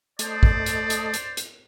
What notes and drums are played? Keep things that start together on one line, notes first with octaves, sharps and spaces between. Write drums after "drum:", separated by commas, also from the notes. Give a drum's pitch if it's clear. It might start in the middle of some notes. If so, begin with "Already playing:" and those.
A3 A4 C5 D5 D#5, drum: hi-hat
drum: kick
drum: hi-hat
drum: hi-hat
drum: hi-hat
drum: hi-hat